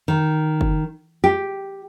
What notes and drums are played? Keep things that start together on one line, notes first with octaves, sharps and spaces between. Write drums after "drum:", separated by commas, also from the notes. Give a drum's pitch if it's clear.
D#3
drum: kick F#1
G4